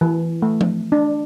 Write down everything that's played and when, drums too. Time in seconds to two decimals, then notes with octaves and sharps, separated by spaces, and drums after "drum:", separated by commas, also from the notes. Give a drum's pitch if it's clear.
0.01 E3
0.42 A3
0.61 drum: tom F3
0.92 D4